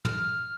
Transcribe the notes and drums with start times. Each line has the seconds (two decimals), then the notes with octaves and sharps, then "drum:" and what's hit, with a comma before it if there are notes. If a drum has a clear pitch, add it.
0.05 F6, drum: tom